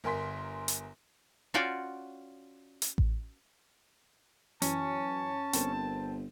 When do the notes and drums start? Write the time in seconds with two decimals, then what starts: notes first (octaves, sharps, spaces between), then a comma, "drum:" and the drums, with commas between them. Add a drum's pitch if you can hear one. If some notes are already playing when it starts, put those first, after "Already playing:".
0.04 G1 A#4 G#5 C6 B6
0.68 drum: hi-hat
1.54 C#4 F4 F#4 D5 G5
2.82 drum: hi-hat
2.98 drum: kick A1
4.62 F#2 E3 C#4 A5, drum: hi-hat
5.53 G1 C4 A#4 E7, drum: hi-hat